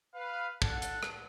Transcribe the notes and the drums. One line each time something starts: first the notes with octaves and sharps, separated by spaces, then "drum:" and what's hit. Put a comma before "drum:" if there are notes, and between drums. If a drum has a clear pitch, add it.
B4 F5
D4 A4 F#5, drum: kick
drum: hi-hat
drum: rim click